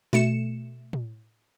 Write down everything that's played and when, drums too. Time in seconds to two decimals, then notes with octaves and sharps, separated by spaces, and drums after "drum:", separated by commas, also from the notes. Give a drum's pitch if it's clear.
0.13 B2 A3 C#7 E7, drum: snare
0.93 drum: tom A2